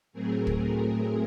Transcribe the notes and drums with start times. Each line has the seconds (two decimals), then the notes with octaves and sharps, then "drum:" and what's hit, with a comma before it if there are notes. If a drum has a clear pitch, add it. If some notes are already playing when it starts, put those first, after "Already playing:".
0.13 A2 F#3 A3 C4 G#4 A#4
0.47 drum: kick